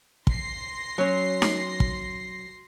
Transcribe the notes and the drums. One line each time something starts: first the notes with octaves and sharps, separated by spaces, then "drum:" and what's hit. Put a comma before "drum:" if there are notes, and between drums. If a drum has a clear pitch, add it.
C6 A#6 C7, drum: kick
F#3 C#4
drum: snare D#4
drum: kick